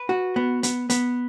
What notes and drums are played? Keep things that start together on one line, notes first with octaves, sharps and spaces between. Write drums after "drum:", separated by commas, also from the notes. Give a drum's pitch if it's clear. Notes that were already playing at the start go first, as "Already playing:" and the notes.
Already playing: B4
F#4
B3
B3, drum: hi-hat
B3, drum: hi-hat